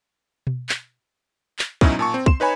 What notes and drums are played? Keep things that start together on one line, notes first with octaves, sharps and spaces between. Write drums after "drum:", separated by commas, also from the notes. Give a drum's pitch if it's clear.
drum: tom B2
drum: clap
drum: clap
G#2 B2 F#3 C#4 D#4 E4, drum: kick
A#2 A5 C#6
C4
C6 E7, drum: kick
D#4 B4 C#5 G#5 B5